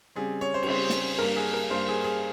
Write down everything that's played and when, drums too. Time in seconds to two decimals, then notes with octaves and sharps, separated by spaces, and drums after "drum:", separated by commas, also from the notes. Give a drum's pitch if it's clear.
0.16 C#3 G3 C4 G#4
0.41 C#5
0.54 C5
0.63 C#5, drum: cymbal
0.67 C#3 G3 C4 C5
0.90 drum: snare
1.19 G2 G3 A#3 A#4
1.36 G#4
1.53 A#4
1.70 G2 G3 A#3 C5
1.88 G#4
2.04 G#4